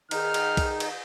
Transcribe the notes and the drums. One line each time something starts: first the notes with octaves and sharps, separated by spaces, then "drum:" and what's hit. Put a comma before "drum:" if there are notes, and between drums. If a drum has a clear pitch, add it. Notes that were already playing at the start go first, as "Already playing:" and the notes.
D#3 D#4 G#4 F6, drum: cymbal
drum: cymbal
drum: kick B1, cymbal
drum: cymbal